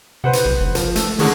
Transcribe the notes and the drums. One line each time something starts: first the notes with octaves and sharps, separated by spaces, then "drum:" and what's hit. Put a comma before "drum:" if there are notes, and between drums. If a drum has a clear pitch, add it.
C3 B4 C5 F#5
drum: hi-hat
B1
F#1
F3, drum: hi-hat
A3 A4, drum: hi-hat
D3 D#3 G#3 C#4, drum: open hi-hat